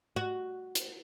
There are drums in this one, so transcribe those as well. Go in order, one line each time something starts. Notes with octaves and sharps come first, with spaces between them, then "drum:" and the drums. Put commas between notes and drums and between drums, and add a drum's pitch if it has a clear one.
F#4
drum: hi-hat